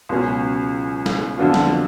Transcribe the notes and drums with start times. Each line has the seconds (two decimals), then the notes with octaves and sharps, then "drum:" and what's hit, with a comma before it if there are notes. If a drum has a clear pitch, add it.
0.09 C#2 B2 F#3 C#4
1.06 drum: snare
1.37 F2 D3 F#3 B3 F4
1.54 drum: snare